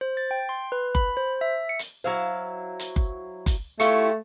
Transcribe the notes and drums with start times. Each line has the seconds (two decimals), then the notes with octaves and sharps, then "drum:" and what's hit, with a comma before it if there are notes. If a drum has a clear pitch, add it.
0.01 C5
0.17 A6
0.31 G5
0.49 C6
0.72 B4
0.95 B5, drum: kick F#1
1.17 C5
1.41 E5
1.69 C#7
1.79 drum: hi-hat
2.04 F#3 E4 C5 F5
2.79 drum: hi-hat
2.96 drum: kick F#1
3.46 drum: kick F#1, hi-hat
3.80 A3 E4 F4 G4 F5 C#6 C#7, drum: hi-hat